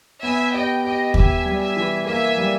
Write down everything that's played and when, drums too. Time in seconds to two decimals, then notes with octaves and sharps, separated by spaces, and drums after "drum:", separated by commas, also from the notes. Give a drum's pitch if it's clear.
0.23 B3 E5 G#5
0.53 G4 D#5 G5
0.84 G4 D#5 G5
1.14 G4 E5 G#5, drum: kick
1.46 G3
1.60 E5 G#5
1.76 E3
2.06 A#3 E5 G#5
2.37 G3